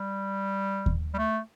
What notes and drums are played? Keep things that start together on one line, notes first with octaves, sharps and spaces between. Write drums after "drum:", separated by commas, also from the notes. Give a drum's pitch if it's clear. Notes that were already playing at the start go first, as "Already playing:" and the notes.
Already playing: G3
drum: kick D#2
G3
A3